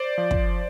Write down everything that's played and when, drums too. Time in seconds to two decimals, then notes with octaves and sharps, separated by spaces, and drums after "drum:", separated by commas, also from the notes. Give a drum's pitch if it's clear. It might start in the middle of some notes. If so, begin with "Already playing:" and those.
Already playing: C5 D5
0.18 F3
0.31 drum: kick